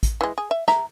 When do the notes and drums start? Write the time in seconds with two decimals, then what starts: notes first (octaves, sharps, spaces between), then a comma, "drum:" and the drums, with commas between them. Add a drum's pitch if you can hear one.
0.03 drum: kick, hi-hat
0.21 E3 G#3
0.38 G#4
0.51 E5
0.68 E5 A#5, drum: snare